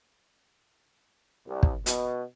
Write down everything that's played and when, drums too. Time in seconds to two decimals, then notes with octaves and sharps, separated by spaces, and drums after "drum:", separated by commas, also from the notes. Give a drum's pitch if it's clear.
1.48 C2
1.63 drum: kick
1.86 B2, drum: hi-hat